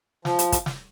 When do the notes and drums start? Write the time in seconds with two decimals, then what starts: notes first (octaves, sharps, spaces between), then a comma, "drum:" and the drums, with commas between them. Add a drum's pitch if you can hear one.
0.25 F3, drum: snare
0.39 drum: hi-hat
0.52 drum: kick, hi-hat
0.66 drum: snare